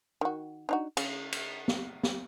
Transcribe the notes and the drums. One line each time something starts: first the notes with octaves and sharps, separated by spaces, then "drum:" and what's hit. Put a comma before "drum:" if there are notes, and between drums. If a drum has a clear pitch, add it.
D#3 F#4
D4 D#4 F#4
C#3, drum: cymbal
drum: cymbal
drum: snare
drum: snare